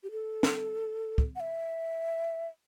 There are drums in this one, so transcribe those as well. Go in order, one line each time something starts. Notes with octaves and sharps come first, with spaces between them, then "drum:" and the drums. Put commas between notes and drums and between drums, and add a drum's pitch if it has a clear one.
G4
A4
drum: snare
drum: kick
F#5
E5